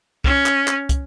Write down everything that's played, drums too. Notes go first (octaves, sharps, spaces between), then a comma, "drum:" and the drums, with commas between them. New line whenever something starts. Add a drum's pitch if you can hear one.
C#4, drum: kick
drum: clap
drum: clap
drum: kick, hi-hat